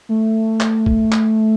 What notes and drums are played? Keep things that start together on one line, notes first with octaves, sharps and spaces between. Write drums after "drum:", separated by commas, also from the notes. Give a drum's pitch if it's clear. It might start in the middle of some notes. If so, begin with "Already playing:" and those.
A3
drum: clap
drum: kick
drum: clap